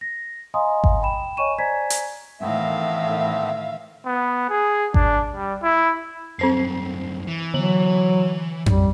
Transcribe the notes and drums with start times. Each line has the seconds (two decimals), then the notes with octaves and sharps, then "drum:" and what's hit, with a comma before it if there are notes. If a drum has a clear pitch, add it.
0.01 A#6
0.54 D#5 F5 G#5 A#5 C6 D#6
0.84 drum: kick G#1
1.02 G5 B5 E7
1.37 C#5 D#5 G#5 C#6 D#7 E7
1.59 C5 D5 G#5 A#5 G#6 B6
1.90 drum: hi-hat
2.41 A2 D#3 E3 A3 B3 C4 E5 F5
4.06 B3
4.50 G#4
4.94 D4, drum: kick G#1
5.35 G3
5.63 E4
6.39 C2 F#2 C4 C5 C7
7.28 E3
7.54 D3 F#3 F#7
8.66 G3, drum: tom F2